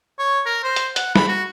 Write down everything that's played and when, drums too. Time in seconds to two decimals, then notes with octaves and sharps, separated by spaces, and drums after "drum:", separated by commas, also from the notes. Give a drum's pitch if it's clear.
0.19 C#5
0.46 A#4
0.64 C5
0.76 drum: hi-hat
0.96 F#5, drum: hi-hat
1.15 B5, drum: snare
1.28 F#4